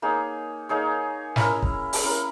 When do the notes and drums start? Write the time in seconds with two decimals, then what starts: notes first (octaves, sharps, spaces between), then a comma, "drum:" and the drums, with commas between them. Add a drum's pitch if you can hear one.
0.02 A#3 D#4 G#4 C#5
0.69 A#3 D#4 G#4 C#5
1.36 C#4 E4 A#4, drum: snare
1.62 drum: kick
1.93 drum: open hi-hat
2.03 C#4 E4 A#4